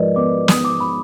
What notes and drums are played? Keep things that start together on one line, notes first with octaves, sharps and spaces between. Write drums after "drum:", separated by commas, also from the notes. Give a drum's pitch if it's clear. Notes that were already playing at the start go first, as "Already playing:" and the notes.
Already playing: G#2 F3 A#4 B4 D5 D#5
B3 D6
B3 D#6, drum: snare
D6
B5